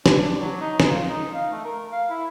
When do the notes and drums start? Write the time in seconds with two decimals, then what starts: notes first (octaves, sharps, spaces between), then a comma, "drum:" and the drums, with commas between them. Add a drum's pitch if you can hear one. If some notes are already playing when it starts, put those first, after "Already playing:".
0.06 D4, drum: snare
0.40 F#3
0.61 D#4
0.80 drum: snare
0.89 F4
1.09 D#4
1.34 F5
1.52 A3
1.65 A#4
1.92 F5
2.10 E4